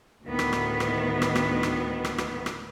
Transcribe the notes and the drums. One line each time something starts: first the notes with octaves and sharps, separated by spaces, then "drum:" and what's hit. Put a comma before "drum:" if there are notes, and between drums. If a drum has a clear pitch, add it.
D2 A2 D#3 B3
drum: rim click
drum: rim click
drum: rim click
drum: rim click
drum: rim click
drum: rim click
drum: rim click
drum: rim click
drum: rim click